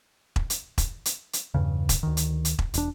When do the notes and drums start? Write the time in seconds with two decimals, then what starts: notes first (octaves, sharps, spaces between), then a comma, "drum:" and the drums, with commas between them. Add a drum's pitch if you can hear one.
0.36 drum: kick E1
0.50 drum: hi-hat
0.78 drum: kick E1, hi-hat
1.05 drum: hi-hat
1.33 drum: hi-hat
1.54 E2 G2 C#3
1.89 drum: kick E1, hi-hat
2.03 D2 D#3
2.17 drum: hi-hat
2.45 drum: hi-hat
2.59 drum: kick E1
2.74 E1 D4, drum: hi-hat